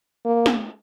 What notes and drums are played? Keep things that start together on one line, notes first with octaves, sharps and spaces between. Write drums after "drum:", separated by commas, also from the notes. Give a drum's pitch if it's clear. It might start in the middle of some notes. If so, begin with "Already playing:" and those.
A#3
drum: snare